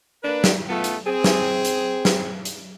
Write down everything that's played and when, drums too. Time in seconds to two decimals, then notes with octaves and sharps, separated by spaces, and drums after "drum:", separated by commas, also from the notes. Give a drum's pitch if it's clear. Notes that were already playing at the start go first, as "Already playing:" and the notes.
0.24 A#3 D4 B4
0.44 drum: snare
0.68 A3 B3 F4 A4
0.84 drum: hi-hat
1.05 C4 G#4
1.24 drum: snare
1.65 drum: hi-hat
2.05 drum: snare
2.45 drum: hi-hat